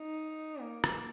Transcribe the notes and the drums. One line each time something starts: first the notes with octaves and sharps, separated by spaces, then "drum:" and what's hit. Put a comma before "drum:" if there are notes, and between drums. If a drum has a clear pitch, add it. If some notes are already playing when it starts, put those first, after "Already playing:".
Already playing: D#4
A#3
drum: rim click